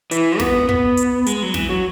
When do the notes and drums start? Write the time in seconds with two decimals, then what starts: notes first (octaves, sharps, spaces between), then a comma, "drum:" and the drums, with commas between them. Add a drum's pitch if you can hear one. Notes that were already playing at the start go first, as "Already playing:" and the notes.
0.11 E3, drum: hi-hat
0.40 B3, drum: snare
0.69 B3, drum: kick
0.97 drum: hi-hat
1.26 G#3, drum: hi-hat
1.43 F#3
1.54 E3, drum: snare
1.69 F#3